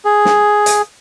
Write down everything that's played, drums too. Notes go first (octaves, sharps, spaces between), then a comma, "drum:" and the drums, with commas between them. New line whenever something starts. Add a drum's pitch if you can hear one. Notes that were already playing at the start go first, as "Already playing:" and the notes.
G#4
drum: snare
drum: hi-hat